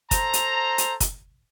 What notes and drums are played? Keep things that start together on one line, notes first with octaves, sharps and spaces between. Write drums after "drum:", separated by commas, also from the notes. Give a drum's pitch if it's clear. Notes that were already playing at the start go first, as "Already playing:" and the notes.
A4 C5 A#5, drum: kick, hi-hat
drum: hi-hat
drum: hi-hat
drum: kick, hi-hat